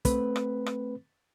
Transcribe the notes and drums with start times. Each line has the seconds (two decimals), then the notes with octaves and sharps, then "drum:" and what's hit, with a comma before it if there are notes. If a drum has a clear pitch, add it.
0.05 A3 C4 B4, drum: kick, hi-hat
0.36 drum: rim click
0.66 drum: rim click